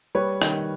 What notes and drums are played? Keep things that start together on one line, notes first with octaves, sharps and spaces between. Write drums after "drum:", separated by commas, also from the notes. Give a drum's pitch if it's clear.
G3 B4 C#5
D#3, drum: rim click